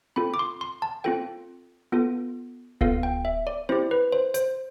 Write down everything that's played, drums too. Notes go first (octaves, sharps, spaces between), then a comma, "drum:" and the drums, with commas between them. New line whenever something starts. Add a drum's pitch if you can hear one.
C4 F4 A4 B5
D6
C6
C6
A5
C4 F4 A4 G5
B3 F4 A4
B3 F4 A4 F5, drum: kick D1
G5
E5
D5
C4 E4 G4 C5
B4
C5
C5, drum: hi-hat